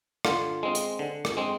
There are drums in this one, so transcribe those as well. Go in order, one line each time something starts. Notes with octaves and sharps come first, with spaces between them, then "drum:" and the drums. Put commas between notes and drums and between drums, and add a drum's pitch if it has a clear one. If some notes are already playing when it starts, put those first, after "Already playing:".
D3 F4, drum: rim click
G#3 C4
drum: hi-hat
D3
drum: rim click
G#3 C4